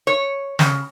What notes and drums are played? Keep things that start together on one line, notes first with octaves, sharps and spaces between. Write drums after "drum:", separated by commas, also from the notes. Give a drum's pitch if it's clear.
C#5
C#3, drum: snare